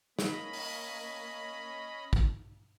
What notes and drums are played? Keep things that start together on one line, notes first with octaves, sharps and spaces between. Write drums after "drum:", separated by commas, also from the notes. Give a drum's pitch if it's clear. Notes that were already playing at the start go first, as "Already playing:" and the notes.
A#3 C#4 D#5 B5, drum: snare
drum: open hi-hat
drum: kick